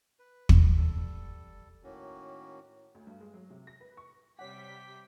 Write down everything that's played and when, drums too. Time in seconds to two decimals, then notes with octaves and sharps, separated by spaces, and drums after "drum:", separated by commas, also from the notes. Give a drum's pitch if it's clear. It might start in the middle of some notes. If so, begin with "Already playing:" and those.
0.19 B4
0.49 drum: kick
0.76 G3 A4
1.83 A2 D#3 A#3 C#4 F#4
2.95 D2
3.07 G2
3.20 G#3
3.34 F#3
3.50 C3
3.67 A#6
3.80 B4
3.97 C#6
4.39 C3 G3 C#5 F#5 G5 D6 B6